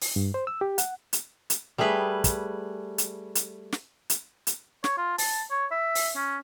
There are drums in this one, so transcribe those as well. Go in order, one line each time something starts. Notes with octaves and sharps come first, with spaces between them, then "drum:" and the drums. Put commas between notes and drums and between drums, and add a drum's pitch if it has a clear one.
drum: open hi-hat
G2
C5
E6
G4
F#5, drum: hi-hat
drum: hi-hat
drum: hi-hat
G3 A3 G#4 B4
drum: kick, hi-hat
drum: hi-hat
drum: hi-hat
drum: snare
drum: hi-hat
drum: hi-hat
C#5, drum: snare
F4
A5, drum: open hi-hat
C#5
E5
drum: open hi-hat
C#4